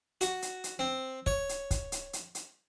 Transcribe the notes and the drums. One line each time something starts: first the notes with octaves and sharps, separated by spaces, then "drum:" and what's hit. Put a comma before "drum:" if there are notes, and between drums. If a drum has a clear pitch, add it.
F#4, drum: hi-hat
drum: hi-hat
drum: hi-hat
C4
C#5, drum: kick
drum: hi-hat
drum: kick, hi-hat
drum: hi-hat
drum: hi-hat
drum: hi-hat